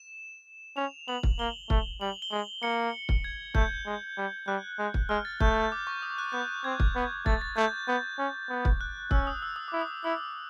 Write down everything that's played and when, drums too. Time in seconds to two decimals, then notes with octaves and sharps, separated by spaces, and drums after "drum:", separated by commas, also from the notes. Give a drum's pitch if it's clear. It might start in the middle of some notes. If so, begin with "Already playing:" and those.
Already playing: E7
0.77 C#4 F7
1.08 B3 F#7
1.23 drum: kick
1.39 A#3 G7
1.70 A3, drum: kick
2.01 G3 F#7
2.22 G7
2.31 G#3 F#7
2.62 A#3 C#7
3.09 drum: kick
3.24 G#6
3.55 A3 G6, drum: kick
3.86 G#3
4.17 G3
4.48 G3 F#6
4.79 G#3
4.94 drum: kick
5.09 G#3 F6
5.25 A6
5.40 A3 G6, drum: kick
5.72 D6
5.87 C#6
6.02 D#6
6.18 F#6
6.33 B3 G6
6.64 C4 G#6
6.80 drum: kick
6.95 B3
7.26 A3 A6, drum: kick
7.41 A6
7.57 A3 G6
7.88 B3 G6
8.19 C#4
8.50 B3
8.65 drum: kick
8.81 F#6
9.11 C#4 E6, drum: kick
9.27 D#6
9.42 E6
9.56 D#6
9.68 E4 D6
9.81 D#6
10.04 E4 E6